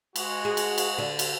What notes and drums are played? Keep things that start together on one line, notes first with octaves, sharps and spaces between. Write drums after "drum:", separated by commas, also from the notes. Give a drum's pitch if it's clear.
G#3 F#4, drum: cymbal
G#4
drum: cymbal
drum: cymbal
D3
drum: cymbal